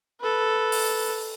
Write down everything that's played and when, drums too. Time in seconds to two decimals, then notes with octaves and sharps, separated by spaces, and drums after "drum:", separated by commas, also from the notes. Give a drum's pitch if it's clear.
0.21 A4 B4
0.72 drum: open hi-hat